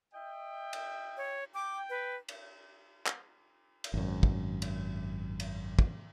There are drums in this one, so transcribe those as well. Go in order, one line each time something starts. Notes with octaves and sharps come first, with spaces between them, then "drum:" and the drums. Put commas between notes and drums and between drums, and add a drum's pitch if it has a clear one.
D#5 E5 G5
drum: cymbal
C#5
G5 D6
B4
drum: cymbal
drum: clap
drum: cymbal
G#1 F#2
drum: kick
drum: cymbal
drum: cymbal
drum: kick